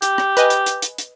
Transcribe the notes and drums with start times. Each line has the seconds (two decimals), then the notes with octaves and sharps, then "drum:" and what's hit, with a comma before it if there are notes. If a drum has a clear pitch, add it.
0.02 G4, drum: hi-hat
0.18 drum: rim click
0.37 B4 D#5 G#5, drum: hi-hat
0.50 drum: hi-hat
0.66 drum: hi-hat
0.82 drum: hi-hat
0.98 drum: hi-hat